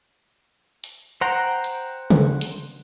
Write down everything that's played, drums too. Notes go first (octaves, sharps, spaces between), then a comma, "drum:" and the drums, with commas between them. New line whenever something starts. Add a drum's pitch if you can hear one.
drum: hi-hat
C5 F#5 G5 A#5
drum: hi-hat
drum: tom C#3
drum: hi-hat